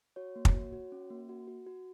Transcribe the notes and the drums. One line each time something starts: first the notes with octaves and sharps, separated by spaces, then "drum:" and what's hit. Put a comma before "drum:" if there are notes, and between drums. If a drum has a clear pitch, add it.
F#4 C#5
A#3
drum: kick
F#4
F#4
C#4
A#3
F#4
F#4
F#4